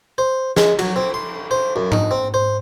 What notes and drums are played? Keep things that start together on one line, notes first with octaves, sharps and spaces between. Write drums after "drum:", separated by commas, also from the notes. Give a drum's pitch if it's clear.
C5
G#3, drum: snare
F#3, drum: cymbal
C4
C6
C5
F#2
D#4, drum: tom G#2
C4
C5